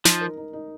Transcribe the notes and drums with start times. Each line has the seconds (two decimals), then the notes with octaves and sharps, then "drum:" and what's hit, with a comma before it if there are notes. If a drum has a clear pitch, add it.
0.05 F3 D#4, drum: snare
0.21 A#4
0.37 D#4
0.53 D#4